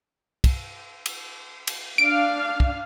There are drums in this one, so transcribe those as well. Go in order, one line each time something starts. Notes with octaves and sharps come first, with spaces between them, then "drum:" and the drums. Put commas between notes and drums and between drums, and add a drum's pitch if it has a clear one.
drum: kick, cymbal
drum: cymbal
drum: cymbal
D4 F5 D7
drum: kick